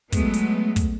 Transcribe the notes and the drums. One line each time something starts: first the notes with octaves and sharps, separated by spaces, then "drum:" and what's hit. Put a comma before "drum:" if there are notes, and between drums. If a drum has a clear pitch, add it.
F#3 G#3 A3 B3, drum: kick, hi-hat
drum: hi-hat
drum: kick, hi-hat